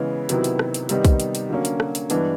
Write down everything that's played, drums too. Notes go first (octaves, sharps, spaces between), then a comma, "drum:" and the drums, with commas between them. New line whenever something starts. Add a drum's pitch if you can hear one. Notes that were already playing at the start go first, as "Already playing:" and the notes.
Already playing: C#3 E3 G#3 B3 E4
C3 D#3 F#3 B3 E4, drum: hi-hat
drum: hi-hat
drum: rim click
drum: hi-hat
C3 D#3 G3 B3 D#4, drum: hi-hat
drum: kick, hi-hat
drum: hi-hat
drum: hi-hat
D3 F#3 A#3 C#4
drum: hi-hat
drum: rim click
drum: hi-hat
G2 E3 G#3 B3 D4, drum: hi-hat